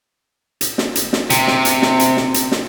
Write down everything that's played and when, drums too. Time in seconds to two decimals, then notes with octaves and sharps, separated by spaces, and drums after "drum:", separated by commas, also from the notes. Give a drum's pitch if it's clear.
0.61 drum: hi-hat
0.78 drum: snare
0.95 drum: hi-hat
1.13 drum: snare
1.30 C3, drum: hi-hat
1.48 drum: snare
1.65 drum: hi-hat
1.82 drum: snare
2.00 drum: hi-hat
2.17 drum: snare
2.34 drum: hi-hat
2.52 drum: snare